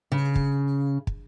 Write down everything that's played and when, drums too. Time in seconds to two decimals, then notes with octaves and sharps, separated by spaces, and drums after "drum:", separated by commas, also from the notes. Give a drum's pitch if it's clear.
0.12 C#3
0.35 drum: kick
1.07 drum: kick